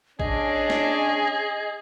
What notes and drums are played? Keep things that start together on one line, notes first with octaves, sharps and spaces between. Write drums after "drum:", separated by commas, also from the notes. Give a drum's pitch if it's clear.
C#4 D4 G#4 D#5, drum: kick A1
drum: snare